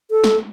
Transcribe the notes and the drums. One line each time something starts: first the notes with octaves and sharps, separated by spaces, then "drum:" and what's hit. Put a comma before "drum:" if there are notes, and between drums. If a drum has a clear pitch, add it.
A4
drum: snare